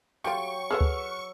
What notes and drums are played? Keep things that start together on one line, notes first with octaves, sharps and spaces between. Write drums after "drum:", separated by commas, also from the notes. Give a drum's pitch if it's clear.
F#3 G3 A3 F4 G5 C#6 C#7 D7
G#4 A4 B4 F#5 E6 F6
drum: kick D2